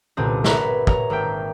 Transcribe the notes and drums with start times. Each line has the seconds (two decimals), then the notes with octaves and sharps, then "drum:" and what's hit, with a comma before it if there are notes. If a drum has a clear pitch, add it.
0.17 G1 C2 A#2 D3 C4 D#5
0.44 A#4 B4 C#5 E5 A#5, drum: snare
0.87 C#5 A#5, drum: kick
1.10 G#1 A#3 E5 G5